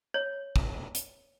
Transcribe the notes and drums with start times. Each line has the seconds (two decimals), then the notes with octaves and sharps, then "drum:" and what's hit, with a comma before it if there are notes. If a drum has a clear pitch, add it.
0.14 C#5
0.56 drum: kick
0.95 drum: hi-hat